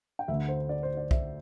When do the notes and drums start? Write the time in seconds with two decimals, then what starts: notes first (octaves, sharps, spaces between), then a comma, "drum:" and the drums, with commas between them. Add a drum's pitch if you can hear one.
0.19 G5
0.28 D2 E5
0.33 D3
0.48 C5
0.69 D5
0.83 C5
0.97 D5
1.11 E5, drum: kick B1